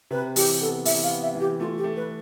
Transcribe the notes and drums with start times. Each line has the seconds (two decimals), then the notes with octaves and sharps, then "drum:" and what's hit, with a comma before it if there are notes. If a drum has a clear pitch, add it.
0.11 C3 B4
0.36 E3 G4, drum: open hi-hat
0.60 B3 A4
0.85 E3 E5, drum: open hi-hat
1.04 F5
1.10 B3
1.23 E5
1.35 E3
1.40 G4
1.60 A3 F4
1.78 G4
1.84 A3
1.96 B4